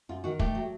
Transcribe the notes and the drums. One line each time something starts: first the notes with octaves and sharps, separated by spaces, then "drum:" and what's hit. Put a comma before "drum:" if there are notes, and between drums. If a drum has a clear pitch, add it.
F#2 F4
D#3 F#4
A3 G4, drum: kick
F#3